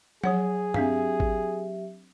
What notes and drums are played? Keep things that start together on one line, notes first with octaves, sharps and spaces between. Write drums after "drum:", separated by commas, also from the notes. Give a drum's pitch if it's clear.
F#3 G#4 C#5 F#5, drum: tom F3
F#3 C4 D4 G4 E5 F5, drum: tom G2
drum: kick